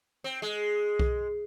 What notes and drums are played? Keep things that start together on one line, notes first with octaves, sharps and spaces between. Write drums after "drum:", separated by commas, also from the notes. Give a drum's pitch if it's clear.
C4
G#3
drum: kick B1